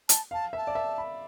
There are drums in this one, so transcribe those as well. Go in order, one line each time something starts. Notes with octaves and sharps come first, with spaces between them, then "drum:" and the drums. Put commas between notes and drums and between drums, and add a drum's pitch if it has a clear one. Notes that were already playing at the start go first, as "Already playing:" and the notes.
A5, drum: hi-hat
F5 A5
E5 A5
D5
E5
B5